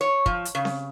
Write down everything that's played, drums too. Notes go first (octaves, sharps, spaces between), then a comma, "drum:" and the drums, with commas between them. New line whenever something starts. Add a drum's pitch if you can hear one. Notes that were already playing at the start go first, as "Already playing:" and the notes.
C#5
F3, drum: kick
drum: hi-hat
C#3
drum: snare C4